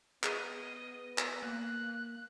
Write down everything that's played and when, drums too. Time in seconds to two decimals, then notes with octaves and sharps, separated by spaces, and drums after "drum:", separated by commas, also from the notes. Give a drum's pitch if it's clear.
0.23 B3 G#4 D#5, drum: clap
1.18 drum: clap
1.43 A#3 F#6